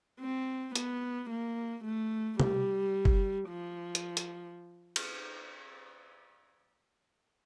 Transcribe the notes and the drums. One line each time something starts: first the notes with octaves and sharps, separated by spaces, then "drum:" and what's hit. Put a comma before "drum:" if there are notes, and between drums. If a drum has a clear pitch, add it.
C4
B3, drum: hi-hat
A#3
A3
G3, drum: tom C3
drum: kick F#1
F3
drum: hi-hat
drum: hi-hat
drum: cymbal